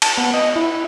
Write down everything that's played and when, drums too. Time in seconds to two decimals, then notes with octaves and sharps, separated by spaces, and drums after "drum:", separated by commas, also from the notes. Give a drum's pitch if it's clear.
0.02 A5, drum: cymbal
0.18 B3
0.34 D#5
0.56 E4